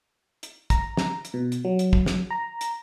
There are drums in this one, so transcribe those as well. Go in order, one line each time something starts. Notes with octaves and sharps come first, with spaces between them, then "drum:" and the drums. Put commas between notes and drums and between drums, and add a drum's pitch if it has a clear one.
drum: hi-hat
A#5, drum: kick, hi-hat
drum: snare
drum: hi-hat
B2
drum: hi-hat
F#3
drum: hi-hat
drum: kick
drum: snare
A#5
drum: hi-hat